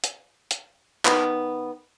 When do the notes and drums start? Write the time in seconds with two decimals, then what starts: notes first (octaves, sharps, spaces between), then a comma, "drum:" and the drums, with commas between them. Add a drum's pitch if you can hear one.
0.04 drum: hi-hat
0.51 drum: hi-hat
1.05 D#3 B3, drum: clap